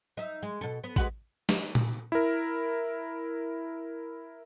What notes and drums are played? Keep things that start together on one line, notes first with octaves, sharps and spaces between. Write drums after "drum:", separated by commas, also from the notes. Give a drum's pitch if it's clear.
D#4 E5
G#3
B2 A4
B3
G#3 F#4 B4, drum: kick A1
drum: snare
drum: tom A#2
E4 A#4